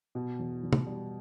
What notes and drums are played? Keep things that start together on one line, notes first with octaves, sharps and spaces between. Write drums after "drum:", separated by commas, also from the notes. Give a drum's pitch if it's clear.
B2
E2
E2
drum: tom
G3